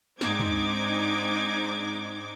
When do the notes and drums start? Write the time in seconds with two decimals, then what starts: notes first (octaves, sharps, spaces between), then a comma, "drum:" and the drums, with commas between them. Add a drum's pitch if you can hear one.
0.21 G#2 C4 D4 D#4 D6 G#6, drum: snare
0.40 drum: tom